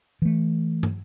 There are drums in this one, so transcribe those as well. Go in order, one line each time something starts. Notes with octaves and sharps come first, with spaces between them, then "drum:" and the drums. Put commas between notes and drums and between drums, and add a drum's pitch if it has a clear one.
E3 A3
drum: tom